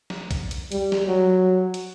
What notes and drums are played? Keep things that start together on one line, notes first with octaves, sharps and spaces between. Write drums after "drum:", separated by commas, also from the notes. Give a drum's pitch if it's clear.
drum: snare
drum: kick B1, hi-hat
drum: hi-hat
G3, drum: hi-hat
drum: snare
F#3
drum: hi-hat